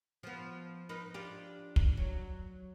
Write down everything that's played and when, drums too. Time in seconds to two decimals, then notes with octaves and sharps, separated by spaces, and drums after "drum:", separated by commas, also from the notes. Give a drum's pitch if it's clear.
0.23 F3 B3
0.89 D#4 A#4 B4
1.14 D4 F4 G4
1.76 drum: kick
1.97 F#3